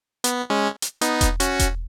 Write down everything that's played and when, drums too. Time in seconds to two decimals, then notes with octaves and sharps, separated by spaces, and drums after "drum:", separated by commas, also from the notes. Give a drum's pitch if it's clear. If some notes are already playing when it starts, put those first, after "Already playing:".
0.24 B3, drum: hi-hat
0.50 G#3 C#4
0.82 drum: hi-hat
1.01 B3 D#4, drum: hi-hat
1.21 drum: kick E1, hi-hat
1.40 C#4 F#4, drum: hi-hat
1.59 drum: kick E1, hi-hat